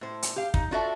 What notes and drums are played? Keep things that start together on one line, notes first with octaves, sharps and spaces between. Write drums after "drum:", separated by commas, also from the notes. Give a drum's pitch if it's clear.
A2 C5
drum: hi-hat
G4 F5
D#4, drum: kick
D4 F4 F#4 A4 D5 E5